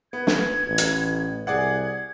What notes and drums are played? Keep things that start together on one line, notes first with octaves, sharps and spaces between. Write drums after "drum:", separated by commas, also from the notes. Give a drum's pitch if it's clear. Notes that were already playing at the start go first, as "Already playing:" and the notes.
B3 G#6
drum: snare
A1
drum: hi-hat
C2 G#4 D5 F#5 G#6